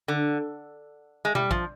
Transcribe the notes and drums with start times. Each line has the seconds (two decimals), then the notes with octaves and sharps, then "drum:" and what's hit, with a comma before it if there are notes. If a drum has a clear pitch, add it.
0.08 D3
1.25 G#3
1.35 G3, drum: tom B2
1.51 F3, drum: kick A#1